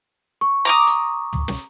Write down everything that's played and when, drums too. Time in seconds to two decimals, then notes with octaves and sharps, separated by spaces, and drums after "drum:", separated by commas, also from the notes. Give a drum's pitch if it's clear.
0.41 C#6
0.65 A#5 D6 D#6
0.87 drum: hi-hat
1.33 drum: tom
1.48 drum: snare